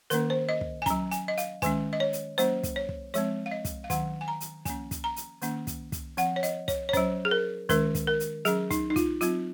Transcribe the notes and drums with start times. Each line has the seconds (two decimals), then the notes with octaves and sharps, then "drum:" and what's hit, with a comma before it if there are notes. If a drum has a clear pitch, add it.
0.10 D#3 A#3 C#4 A#4, drum: hi-hat
0.30 C5
0.49 D#5
0.61 drum: kick
0.82 G#5
0.86 F#3 C#4 A#5, drum: kick, hi-hat
1.11 G#5, drum: hi-hat
1.28 D#5
1.38 F5, drum: hi-hat
1.62 D#3 G#3 C#4 G#5, drum: kick, hi-hat
1.93 D#5
2.00 C#5
2.13 drum: hi-hat
2.38 F#3 A#3 C#4 C5, drum: hi-hat
2.63 drum: kick, hi-hat
2.76 C#5
2.89 drum: kick
3.14 F3 G#3 C4 C#5, drum: hi-hat
3.46 F5
3.51 D#5
3.65 drum: kick, hi-hat
3.84 F5
3.90 D#3 F#3 C#4 F#5, drum: kick, hi-hat
4.21 G#5
4.28 A#5
4.40 drum: hi-hat
4.65 F3 A#3 C#4 G#5, drum: kick, hi-hat
4.91 drum: kick, hi-hat
5.04 A#5
5.16 drum: hi-hat
5.42 D#3 A#3 C#4, drum: hi-hat
5.67 drum: kick, hi-hat
5.92 drum: kick, hi-hat
6.17 F3 C4 F#5, drum: hi-hat
6.36 C#5
6.43 D#5, drum: hi-hat
6.68 C#5, drum: kick, hi-hat
6.89 C#5
6.93 F#3 C#4 C5, drum: kick, hi-hat
7.25 G#4
7.31 A#4
7.69 D#3 G#3 C#4 A#4, drum: kick, hi-hat
7.95 drum: kick, hi-hat
8.07 A#4
8.20 drum: hi-hat
8.45 F#3 C#4 G#4, drum: hi-hat
8.71 D#4, drum: kick, hi-hat
8.90 D#4
8.96 F4, drum: kick, hi-hat
9.21 F#3 C4 F4, drum: hi-hat